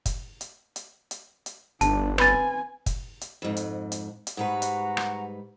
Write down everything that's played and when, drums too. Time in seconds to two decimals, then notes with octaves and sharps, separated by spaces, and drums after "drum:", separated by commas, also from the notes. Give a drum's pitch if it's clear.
0.06 drum: kick, hi-hat
0.41 drum: hi-hat
0.76 drum: hi-hat
1.11 drum: hi-hat
1.46 drum: hi-hat
1.81 G1 D4 A5, drum: hi-hat
2.18 C4 B4 G#5 B5 A6, drum: rim click
2.86 drum: kick, hi-hat
3.21 drum: hi-hat
3.42 F2 G#2
3.57 drum: hi-hat
3.92 drum: hi-hat
4.27 drum: hi-hat
4.37 G#2 G3 F#4 B4 F#5 A#5
4.62 drum: hi-hat
4.97 drum: rim click